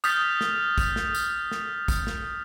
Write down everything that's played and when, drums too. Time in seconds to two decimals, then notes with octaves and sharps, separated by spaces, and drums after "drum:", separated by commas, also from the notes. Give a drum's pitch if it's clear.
0.04 D#6 F6 G6 A6 B6, drum: tambourine
0.41 drum: snare
0.78 drum: kick, tambourine
0.96 drum: snare
1.15 drum: tambourine
1.51 drum: snare
1.88 drum: kick, tambourine
2.07 drum: snare